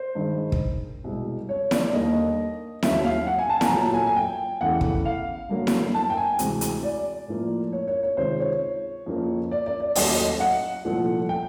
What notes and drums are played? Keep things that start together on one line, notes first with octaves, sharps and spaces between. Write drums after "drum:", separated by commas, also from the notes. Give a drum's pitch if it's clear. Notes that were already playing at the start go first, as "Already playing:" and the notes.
Already playing: C5
G2 D#3 G#3
drum: kick
C2 B2 G#3
C#5
D5, drum: snare E4
D#2 D3 G3 A#3 D#5
D#2 C#3 F#3 E5, drum: snare E4
F5
F#5
G#5
A5
G#5, drum: snare E4
A#5
A#2 F#3 A3 A5
G#5
G#5
G5
E2 C#3 E3 A3 F#5
drum: kick
F5
G2 D3 F#3 A#3
drum: snare E4
A5
G5
G#5
D2 C3 E3 G#3, drum: hi-hat
drum: hi-hat
D5
A2 F3 A#3
C#5
C#5
C#5
C#2 C3 D#3 G#3 C5
C#5
F2 C#3 F3 A#3
D5
D5
D5
D#2 C#3 F#3 A3 D#5, drum: open hi-hat
D#5
F#5
C2 A#2 F3 A3
G5